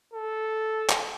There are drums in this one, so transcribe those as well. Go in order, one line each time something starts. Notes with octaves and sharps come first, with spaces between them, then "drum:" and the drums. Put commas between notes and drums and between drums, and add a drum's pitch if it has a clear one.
A4
drum: clap